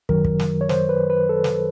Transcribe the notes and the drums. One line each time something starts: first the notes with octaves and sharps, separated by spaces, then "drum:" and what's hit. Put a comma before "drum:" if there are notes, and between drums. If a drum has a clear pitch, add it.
F#2 D#3 F#3 A#4, drum: kick
drum: kick
drum: snare
C#5
C5, drum: snare
B4
B4
A4
drum: snare